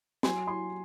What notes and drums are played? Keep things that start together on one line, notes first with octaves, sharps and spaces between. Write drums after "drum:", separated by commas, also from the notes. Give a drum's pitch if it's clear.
F#3 G#5 C6, drum: snare
G#5 C6